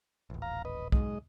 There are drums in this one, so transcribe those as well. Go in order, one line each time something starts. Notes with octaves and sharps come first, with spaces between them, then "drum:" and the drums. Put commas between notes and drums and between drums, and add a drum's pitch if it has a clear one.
D#1 A1
F5 A#5
B4 D#5
B1 G#2 G#3 D#5, drum: kick B1